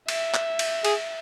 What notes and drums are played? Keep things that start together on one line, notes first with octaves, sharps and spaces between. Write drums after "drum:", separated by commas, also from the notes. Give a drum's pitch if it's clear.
E5, drum: cymbal
drum: clap
drum: cymbal
G#4, drum: cymbal